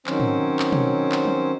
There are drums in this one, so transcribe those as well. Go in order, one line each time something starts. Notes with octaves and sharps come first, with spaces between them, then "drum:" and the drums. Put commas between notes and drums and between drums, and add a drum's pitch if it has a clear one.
D#3 F#3 C4 C#4 C5, drum: clap
drum: tom G#2
drum: clap
drum: tom B2
drum: clap
drum: tom